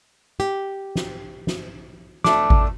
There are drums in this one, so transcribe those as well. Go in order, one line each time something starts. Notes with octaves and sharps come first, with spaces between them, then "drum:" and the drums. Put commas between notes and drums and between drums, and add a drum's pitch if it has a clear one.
G4
drum: snare
drum: snare
A3 D4 D6, drum: snare
drum: kick G#1